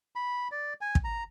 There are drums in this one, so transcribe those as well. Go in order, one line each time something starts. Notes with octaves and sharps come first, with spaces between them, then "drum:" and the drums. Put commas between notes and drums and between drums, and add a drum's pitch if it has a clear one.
B5
D5
G#5
drum: kick
A#5